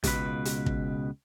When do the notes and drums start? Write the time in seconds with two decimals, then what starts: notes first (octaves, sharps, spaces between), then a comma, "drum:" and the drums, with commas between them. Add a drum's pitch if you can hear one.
0.04 C#2 B2 B4, drum: kick, hi-hat
0.45 drum: hi-hat
0.66 drum: kick